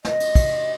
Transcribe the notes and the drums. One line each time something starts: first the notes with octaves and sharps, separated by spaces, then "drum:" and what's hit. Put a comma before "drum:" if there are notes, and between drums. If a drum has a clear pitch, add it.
D#5, drum: snare
drum: cymbal
drum: kick, cymbal